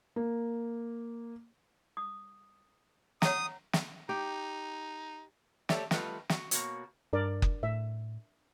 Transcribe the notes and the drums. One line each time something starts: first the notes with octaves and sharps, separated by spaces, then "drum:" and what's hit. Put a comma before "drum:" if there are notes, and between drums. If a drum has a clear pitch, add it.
A#3
D#6
C#5 F#5 A#5 D#6, drum: snare
drum: snare
D#4 G4
A3 G4 A4 C#5 D5 E5, drum: snare
G3 A3 F4 B4 D#5 F#5, drum: snare
F#4, drum: snare
B2 A#3 F#4 C#5, drum: hi-hat
G2 D4 A#4 D5
drum: kick F#1
A2 E5